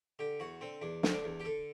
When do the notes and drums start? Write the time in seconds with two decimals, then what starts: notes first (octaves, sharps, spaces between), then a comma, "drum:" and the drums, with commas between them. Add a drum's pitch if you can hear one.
0.19 D3 G4
0.40 E2 F#4
0.61 D3 C4
0.82 E2 D4
1.03 D3 C4, drum: snare
1.13 D4
1.24 E2
1.40 G4
1.45 D3 A4